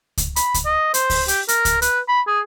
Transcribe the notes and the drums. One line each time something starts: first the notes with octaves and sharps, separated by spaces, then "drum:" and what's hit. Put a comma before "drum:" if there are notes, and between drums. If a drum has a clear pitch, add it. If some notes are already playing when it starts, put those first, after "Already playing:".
drum: kick C#2, hi-hat
B5, drum: hi-hat
drum: kick C#2, hi-hat
D#5
C5, drum: hi-hat
drum: kick C#2, open hi-hat
G4, drum: hi-hat
A#4, drum: hi-hat
drum: kick C#2, hi-hat
B4, drum: hi-hat
B5
G#4